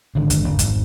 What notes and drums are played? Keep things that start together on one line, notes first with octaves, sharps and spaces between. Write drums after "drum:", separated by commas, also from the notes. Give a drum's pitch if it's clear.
G#1 D3
drum: kick F2, hi-hat
G#1
drum: kick F2, hi-hat